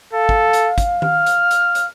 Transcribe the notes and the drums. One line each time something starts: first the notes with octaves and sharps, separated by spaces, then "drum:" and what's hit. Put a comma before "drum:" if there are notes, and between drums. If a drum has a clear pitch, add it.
A4 F5
drum: kick
drum: hi-hat
drum: kick, hi-hat
F6, drum: tom D#3
drum: hi-hat
drum: hi-hat
drum: hi-hat